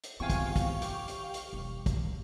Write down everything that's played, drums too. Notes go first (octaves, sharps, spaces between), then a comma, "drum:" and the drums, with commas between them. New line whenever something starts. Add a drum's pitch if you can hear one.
drum: hi-hat
E2 C3 F4 F5 G5 G#5 C#6
drum: kick, hi-hat
drum: kick, hi-hat
G4, drum: hi-hat
drum: hi-hat
drum: hi-hat
E1 G3
drum: kick, hi-hat